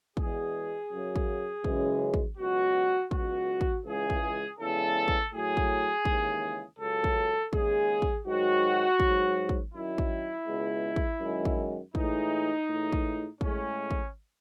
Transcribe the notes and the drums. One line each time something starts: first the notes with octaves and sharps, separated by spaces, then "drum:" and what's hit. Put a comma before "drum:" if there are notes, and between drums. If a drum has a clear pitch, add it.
E2 B2 G#3 G#4, drum: kick
F#2 C#3 F#3
drum: kick
F#2 C#3 E3 G#3, drum: kick
drum: kick
C#2 B2 F#3 F#4
C#2 B2 F#3 F#4, drum: kick
drum: kick
C#2 C#3 E3 G#3 G#4
drum: kick
E2 C#3 E3 G#3 A4
drum: kick
A2 F#3 G#4
drum: kick
D#2 C#3 E3 G#3, drum: kick
C#2 C#3 F#3 A4
drum: kick
D#2 C#3 G#3 G#4, drum: kick
drum: kick
G#2 D#3 F#3 F#4
G#2 F#3, drum: kick
drum: kick
F#2 D#3 F#3 E4
drum: kick
C#2 B2 G#3
drum: kick
F#2 D#3 G#3
drum: kick
A2 E3 G#3 D#4, drum: kick
A2 E3 G#3
drum: kick
A2 G#3 C#4, drum: kick
drum: kick